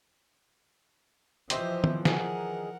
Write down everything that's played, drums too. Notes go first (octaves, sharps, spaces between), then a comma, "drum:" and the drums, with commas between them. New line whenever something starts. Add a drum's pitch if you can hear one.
E3 F3 G4 C5 D#5 E5, drum: hi-hat
drum: tom D#3
D#3 G#4 A#4 F#5, drum: snare